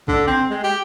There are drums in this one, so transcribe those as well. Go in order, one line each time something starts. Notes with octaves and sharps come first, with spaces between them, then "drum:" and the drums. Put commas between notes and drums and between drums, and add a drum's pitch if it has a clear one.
D3, drum: kick
C4
G#3
G4